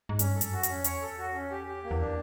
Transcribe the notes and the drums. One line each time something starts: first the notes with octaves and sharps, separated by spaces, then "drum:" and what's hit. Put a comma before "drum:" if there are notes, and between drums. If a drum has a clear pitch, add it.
G#2
G2 C#4, drum: hi-hat
A4
F#2, drum: hi-hat
F#4
F2, drum: hi-hat
C#4
E2 C#5, drum: hi-hat
A4
F#4
C#4
G4
G4
A#3
E2
D4